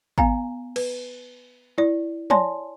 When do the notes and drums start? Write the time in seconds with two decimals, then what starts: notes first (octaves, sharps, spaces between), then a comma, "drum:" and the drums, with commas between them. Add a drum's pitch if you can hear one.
0.18 B3 F5 G#5 A#5, drum: kick G#1
0.76 B4, drum: cymbal
1.78 E4 D5
2.30 C#5 D5 G#5 A5 C6, drum: tom